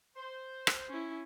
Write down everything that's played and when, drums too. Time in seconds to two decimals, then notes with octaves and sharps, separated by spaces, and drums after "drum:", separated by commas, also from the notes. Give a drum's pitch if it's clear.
0.16 C5
0.67 drum: rim click
0.89 C#4 E4